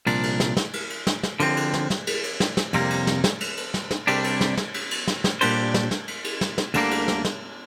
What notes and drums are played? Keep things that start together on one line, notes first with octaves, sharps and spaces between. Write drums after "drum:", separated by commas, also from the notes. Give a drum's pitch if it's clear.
C2 A#2 F3 D4, drum: cymbal
drum: cymbal
drum: snare
drum: snare
drum: cymbal
drum: cymbal
drum: snare
drum: snare
D3 F3 C4, drum: cymbal
drum: cymbal
drum: snare
drum: snare
drum: cymbal
drum: cymbal
drum: snare
drum: snare
F2 C3 G3 A#3, drum: cymbal
drum: cymbal
drum: snare
drum: snare
drum: cymbal
drum: cymbal
drum: snare
drum: snare
C2 C3 G3 D4 G4, drum: cymbal
drum: cymbal
drum: snare
drum: snare
drum: cymbal
drum: cymbal
drum: snare
drum: snare
A#2 G3 D4 G4 C5, drum: cymbal
drum: snare
drum: snare
drum: cymbal
drum: cymbal
drum: snare
drum: snare
D2 D3 G3 A#3 D4, drum: cymbal
drum: cymbal
drum: snare
drum: snare